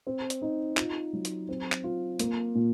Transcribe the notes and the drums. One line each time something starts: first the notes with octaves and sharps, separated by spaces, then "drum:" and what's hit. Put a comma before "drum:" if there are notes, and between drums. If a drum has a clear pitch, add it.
C4
drum: hi-hat
D#4
F4, drum: clap
F#3
drum: hi-hat
C4
drum: clap
F4
A#3, drum: hi-hat
A#2